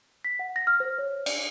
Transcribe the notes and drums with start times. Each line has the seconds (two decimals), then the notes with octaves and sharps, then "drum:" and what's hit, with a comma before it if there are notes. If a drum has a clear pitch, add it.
0.24 B6
0.39 F#5
0.56 A#6
0.67 F6
0.80 C5
0.99 C#5
1.26 D5, drum: cymbal